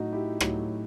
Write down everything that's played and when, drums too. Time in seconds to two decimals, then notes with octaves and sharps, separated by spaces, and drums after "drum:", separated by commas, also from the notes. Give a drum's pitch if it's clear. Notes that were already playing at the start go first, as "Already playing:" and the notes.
Already playing: A2 F#3 D#4 F#4
0.12 E4 G4
0.40 A2 F#3, drum: rim click